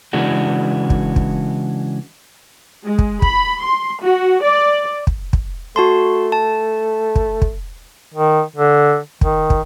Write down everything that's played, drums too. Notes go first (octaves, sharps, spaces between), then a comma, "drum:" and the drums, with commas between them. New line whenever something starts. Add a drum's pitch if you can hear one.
C#3 E3 G#3 D4 F#4
drum: kick
drum: kick
G#3
drum: kick
B5, drum: kick
C6
F#4
D5
drum: kick
drum: kick
A3 F#4 A5 C6
A5
drum: kick
drum: kick
D#3
D3
D#3, drum: kick
drum: kick